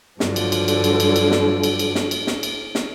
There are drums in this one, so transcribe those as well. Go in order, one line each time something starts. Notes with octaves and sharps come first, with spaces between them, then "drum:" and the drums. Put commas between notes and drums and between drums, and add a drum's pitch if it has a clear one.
G2 D3 F3 F#3, drum: snare
drum: cymbal
drum: cymbal
drum: cymbal
drum: cymbal
drum: cymbal
drum: cymbal
drum: snare
drum: cymbal
drum: cymbal
drum: snare
drum: cymbal
drum: snare
drum: cymbal
drum: snare